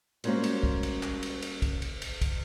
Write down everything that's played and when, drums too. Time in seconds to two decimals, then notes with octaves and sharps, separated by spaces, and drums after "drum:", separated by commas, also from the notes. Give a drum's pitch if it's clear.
0.24 G3 G#3 A#3 C#4 F#4 C5, drum: cymbal
0.44 drum: cymbal
0.63 drum: kick
0.83 drum: cymbal
1.03 drum: clap
1.23 drum: cymbal
1.42 drum: cymbal
1.62 drum: kick, cymbal
1.82 drum: cymbal
2.02 drum: cymbal
2.21 drum: kick, cymbal